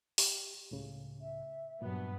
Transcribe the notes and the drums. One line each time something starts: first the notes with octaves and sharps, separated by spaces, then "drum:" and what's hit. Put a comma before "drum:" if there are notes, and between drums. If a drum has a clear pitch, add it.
G4, drum: open hi-hat
C#2 A2 C#3
E5
G2 A#2 F#3 B3